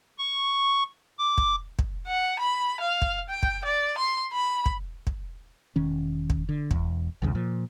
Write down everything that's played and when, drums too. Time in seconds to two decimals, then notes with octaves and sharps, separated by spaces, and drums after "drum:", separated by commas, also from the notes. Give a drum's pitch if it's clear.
0.18 C#6
1.18 D6
1.38 drum: kick
1.79 drum: kick
2.07 F#5
2.40 B5
2.81 F5
3.02 drum: kick
3.29 G5
3.43 drum: kick
3.65 D5
3.98 C6
4.33 B5
4.66 drum: kick
5.07 drum: kick
5.76 E1 D#3 C#4
6.30 drum: kick
6.49 D3
6.71 E1 E2, drum: kick
7.22 B1 E2 G2 C#3
7.35 A#2 F3